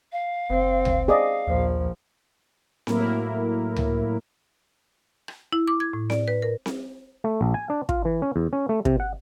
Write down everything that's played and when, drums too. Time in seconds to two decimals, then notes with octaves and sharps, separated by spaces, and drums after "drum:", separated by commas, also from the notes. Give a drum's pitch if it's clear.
0.12 F5
0.50 F#1 C4
0.85 drum: tom C#2
1.08 G#4 D5 D#5 F5
1.47 A#1 D#2 F3
2.87 A2 F#3 A#3 E4 A#4, drum: snare C4
3.76 drum: tom C#2
5.28 drum: rim click
5.53 E4
5.67 D6
5.80 G#6
5.93 A2
6.10 D5, drum: snare C4
6.28 B4
6.42 A#4
6.66 drum: snare C4
7.24 A3
7.41 A#1
7.54 G#5
7.70 D4
7.89 F4, drum: kick
8.05 E3
8.22 C#4
8.36 E2
8.53 C#4
8.69 A3
8.85 C3, drum: kick
9.00 F#5